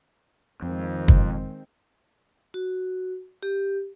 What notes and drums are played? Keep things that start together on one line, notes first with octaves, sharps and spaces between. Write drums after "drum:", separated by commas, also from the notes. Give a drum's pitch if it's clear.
F2 D#3 G#3 C4
drum: kick
F#4
G4